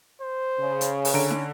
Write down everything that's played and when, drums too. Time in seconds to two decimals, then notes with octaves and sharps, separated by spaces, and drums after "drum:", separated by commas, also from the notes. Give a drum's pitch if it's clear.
0.21 C5
0.60 C#3
0.81 drum: hi-hat
1.05 drum: open hi-hat
1.14 D3 C#4 A#5 D7
1.31 drum: snare